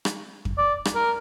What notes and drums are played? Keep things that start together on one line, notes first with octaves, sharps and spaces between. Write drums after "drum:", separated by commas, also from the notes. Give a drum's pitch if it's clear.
drum: rim click
drum: kick F2
D5
drum: rim click
A#4